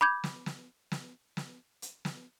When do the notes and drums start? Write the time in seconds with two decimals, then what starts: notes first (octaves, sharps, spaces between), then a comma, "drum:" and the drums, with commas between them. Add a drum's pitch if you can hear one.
0.01 B5 D6 G6 G#6
0.24 drum: snare
0.46 drum: snare
0.92 drum: snare
1.37 drum: snare
1.82 drum: hi-hat
2.05 drum: snare